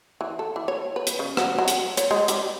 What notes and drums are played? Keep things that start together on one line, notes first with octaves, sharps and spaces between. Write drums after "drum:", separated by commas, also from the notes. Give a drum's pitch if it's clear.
E3
A4
E3
C#5
B4
drum: hi-hat
C#3
F#3, drum: rim click
F#3
drum: hi-hat
C#5, drum: hi-hat
G#3
G3, drum: hi-hat